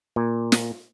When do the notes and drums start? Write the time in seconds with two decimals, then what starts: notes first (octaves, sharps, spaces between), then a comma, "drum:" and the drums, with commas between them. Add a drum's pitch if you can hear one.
0.16 A#2
0.52 drum: snare